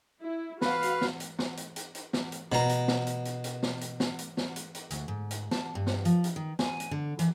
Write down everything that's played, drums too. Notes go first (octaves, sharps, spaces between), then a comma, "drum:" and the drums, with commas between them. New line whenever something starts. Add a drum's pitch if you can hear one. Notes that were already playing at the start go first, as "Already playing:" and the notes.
E4
F#4 B4 F5, drum: snare
drum: hi-hat
drum: snare
drum: hi-hat
drum: snare
drum: hi-hat
drum: hi-hat
drum: hi-hat
drum: snare
drum: hi-hat
B2 A#5, drum: snare
drum: hi-hat
drum: snare
drum: hi-hat
drum: hi-hat
drum: hi-hat
drum: snare
drum: hi-hat
drum: snare
drum: hi-hat
drum: snare
drum: hi-hat
drum: hi-hat
D2, drum: hi-hat
G#2
drum: hi-hat
A5, drum: snare
G2
drum: snare
F3, drum: hi-hat
drum: hi-hat
D#3
G#5, drum: snare
drum: hi-hat
D3
E3, drum: hi-hat